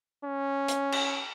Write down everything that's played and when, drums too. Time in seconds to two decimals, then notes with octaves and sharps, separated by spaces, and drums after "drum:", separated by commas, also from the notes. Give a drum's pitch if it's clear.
0.24 C#4
0.68 drum: hi-hat
0.92 drum: cymbal